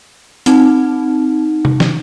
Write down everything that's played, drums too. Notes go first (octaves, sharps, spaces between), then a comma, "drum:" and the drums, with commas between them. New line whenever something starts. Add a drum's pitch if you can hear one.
C4 D#4, drum: hi-hat
drum: tom C3
drum: snare